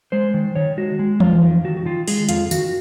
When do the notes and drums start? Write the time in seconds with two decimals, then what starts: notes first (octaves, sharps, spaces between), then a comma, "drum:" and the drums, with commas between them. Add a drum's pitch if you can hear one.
0.12 G#3 C5
0.34 D#3
0.56 D#3 C#5
0.77 G#3 F#4
0.99 G#3
1.20 F2 F4, drum: tom E3
1.42 D#3
1.64 D#3 F#4
1.77 F#4
1.85 D#3 F4
2.08 G#3 G#4, drum: open hi-hat
2.29 F2 F4, drum: hi-hat
2.51 D#3 F#4, drum: tambourine